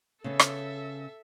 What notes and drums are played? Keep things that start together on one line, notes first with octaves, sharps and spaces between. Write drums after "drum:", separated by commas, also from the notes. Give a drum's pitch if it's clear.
C#3 B3 A4 E5
drum: rim click